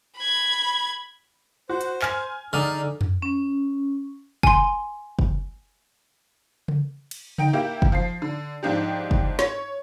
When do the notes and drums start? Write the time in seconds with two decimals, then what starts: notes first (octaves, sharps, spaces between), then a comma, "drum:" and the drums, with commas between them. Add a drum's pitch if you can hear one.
0.17 B5 G#6
1.69 F#4 C5
1.81 drum: hi-hat
2.02 G#5 F6, drum: clap
2.53 D3 D#4 G#4 D5 F6
3.01 drum: tom F2
3.22 C#4
4.43 G#5 C6, drum: kick F#1
5.19 drum: kick F#1
6.68 drum: tom C#3
7.11 drum: cymbal
7.38 D#4 G5 D7, drum: tom C#3
7.53 A#3 E4 G4
7.82 drum: kick F#1
7.92 F3 C7
8.22 D3
8.63 G#2 F3 D4 D#4 G4
9.11 drum: kick F#1
9.39 C#5, drum: snare